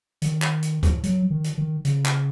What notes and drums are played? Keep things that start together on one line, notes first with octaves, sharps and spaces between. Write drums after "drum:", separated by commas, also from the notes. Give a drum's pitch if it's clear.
D#3, drum: hi-hat
drum: clap
drum: hi-hat
drum: kick C#2, hi-hat
F#3, drum: hi-hat
D#3
drum: hi-hat
D#3
C#3, drum: hi-hat
drum: clap